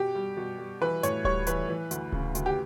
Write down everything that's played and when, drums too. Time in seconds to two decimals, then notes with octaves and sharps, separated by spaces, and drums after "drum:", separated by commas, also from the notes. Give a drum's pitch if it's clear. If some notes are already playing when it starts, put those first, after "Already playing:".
Already playing: B2 G4
0.15 G3
0.37 B2
0.58 G3
0.81 E3 B4
1.03 A2 C#5, drum: hi-hat
1.24 G3 C#5, drum: kick D1
1.47 E3 B4, drum: hi-hat
1.69 E3
1.91 D2, drum: hi-hat
2.12 C#3, drum: kick D1
2.35 D2, drum: hi-hat
2.46 G4